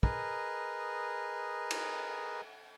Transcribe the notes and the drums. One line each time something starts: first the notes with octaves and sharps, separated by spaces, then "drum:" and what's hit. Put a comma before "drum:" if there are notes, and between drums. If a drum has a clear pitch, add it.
G#4 A#4 B4 D#5, drum: kick
drum: cymbal